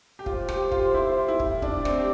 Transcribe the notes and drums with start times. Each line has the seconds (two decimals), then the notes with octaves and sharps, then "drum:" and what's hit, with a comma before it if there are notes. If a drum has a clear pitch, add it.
0.19 G4
0.26 F4 C5, drum: kick
0.49 G4, drum: rim click
0.72 F4, drum: kick
0.94 E4
1.28 E4
1.40 drum: kick
1.62 D4 D5, drum: kick
1.85 C4, drum: rim click
1.99 G4